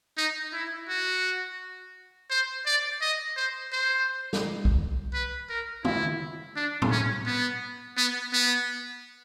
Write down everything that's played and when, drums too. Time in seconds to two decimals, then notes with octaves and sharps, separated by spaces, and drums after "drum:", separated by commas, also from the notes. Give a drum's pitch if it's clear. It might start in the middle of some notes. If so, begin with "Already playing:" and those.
0.17 D#4
0.53 E4
0.89 F#4
2.30 C5
2.66 D5
3.01 D#5
3.37 C5
3.72 C5
4.33 drum: snare
4.65 drum: kick B1
5.14 B4
5.49 A#4
5.85 E4, drum: tom
6.56 D4
6.82 drum: tom
6.91 C#4
7.26 B3
7.97 B3
8.33 B3